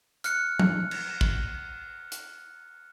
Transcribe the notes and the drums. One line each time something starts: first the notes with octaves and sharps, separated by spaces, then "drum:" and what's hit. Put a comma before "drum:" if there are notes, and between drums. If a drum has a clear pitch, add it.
F6 F#6 C#7, drum: hi-hat
drum: tom F3
drum: cymbal
drum: kick
drum: hi-hat